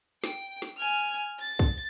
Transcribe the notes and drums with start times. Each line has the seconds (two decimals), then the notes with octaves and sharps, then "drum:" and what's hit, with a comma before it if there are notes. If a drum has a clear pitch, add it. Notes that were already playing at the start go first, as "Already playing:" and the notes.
0.24 G5, drum: snare
0.62 drum: snare
0.78 G#5 F6
1.40 A6
1.59 drum: kick